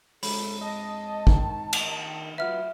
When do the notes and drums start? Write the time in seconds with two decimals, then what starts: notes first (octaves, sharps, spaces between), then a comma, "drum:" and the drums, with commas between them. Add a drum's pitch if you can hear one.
0.23 F2 G#3 A4 C#5 B5, drum: open hi-hat
0.61 D#5 A5
1.27 D#3, drum: kick
1.73 drum: cymbal
2.38 F#3 F4 B4 E5 F#5 F6